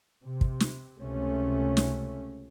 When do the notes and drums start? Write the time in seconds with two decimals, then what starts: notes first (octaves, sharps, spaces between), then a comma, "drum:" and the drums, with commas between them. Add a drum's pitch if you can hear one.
0.23 C3
0.41 drum: kick
0.60 drum: snare
0.99 C#2 C3 A3 C#4
1.77 drum: snare